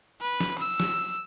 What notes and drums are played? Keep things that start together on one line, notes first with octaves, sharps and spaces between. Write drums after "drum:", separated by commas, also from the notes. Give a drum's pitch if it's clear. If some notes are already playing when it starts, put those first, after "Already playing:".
B4
drum: snare
E6
drum: snare